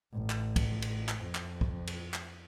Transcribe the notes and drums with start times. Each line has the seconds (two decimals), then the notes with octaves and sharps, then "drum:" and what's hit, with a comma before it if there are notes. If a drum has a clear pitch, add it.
0.13 A1
0.30 drum: clap
0.56 drum: kick, cymbal
0.82 drum: cymbal
1.09 drum: clap
1.22 F2
1.35 drum: clap
1.61 drum: kick
1.87 drum: cymbal
2.14 drum: clap